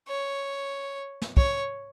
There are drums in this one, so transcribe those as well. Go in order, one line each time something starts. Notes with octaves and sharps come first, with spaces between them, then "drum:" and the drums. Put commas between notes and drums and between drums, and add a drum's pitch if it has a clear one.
C#5
drum: snare
C#5, drum: kick